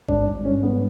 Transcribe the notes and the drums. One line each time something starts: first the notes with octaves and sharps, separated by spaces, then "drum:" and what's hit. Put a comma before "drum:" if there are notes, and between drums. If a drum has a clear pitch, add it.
G#1 D4, drum: kick G#1
G#1
G2 C#4
G#1 B3